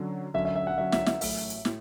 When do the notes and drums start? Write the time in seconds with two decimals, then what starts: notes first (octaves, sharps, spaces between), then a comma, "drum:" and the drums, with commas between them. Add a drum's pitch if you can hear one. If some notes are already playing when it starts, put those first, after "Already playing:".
Already playing: D3 F#3 C#4
0.34 D3 F#3 C#4 E5
0.45 E5
0.56 E5
0.67 F#5
0.78 D3 F#3 C#4 E5
0.92 E5, drum: snare
1.06 E5, drum: snare
1.21 A1 A2 F#3 A3 E5, drum: open hi-hat
1.50 drum: hi-hat
1.65 A2, drum: snare